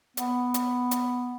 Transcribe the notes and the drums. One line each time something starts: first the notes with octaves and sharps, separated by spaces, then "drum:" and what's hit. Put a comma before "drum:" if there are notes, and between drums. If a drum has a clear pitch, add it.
B3, drum: hi-hat
drum: hi-hat
drum: hi-hat